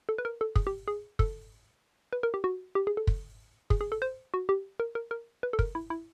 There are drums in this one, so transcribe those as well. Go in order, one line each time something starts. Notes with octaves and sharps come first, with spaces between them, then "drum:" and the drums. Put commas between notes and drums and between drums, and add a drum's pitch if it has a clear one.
A4
B4
A#4
A4
G#4, drum: kick
G4
G#4
A4, drum: kick
B4
A#4
G4
F#4
G4
G#4
A4
drum: kick
G#4, drum: kick
G#4
A4
C5
F#4
G4
A#4
A#4
A#4
B4
A4
A#4, drum: kick
E4
E4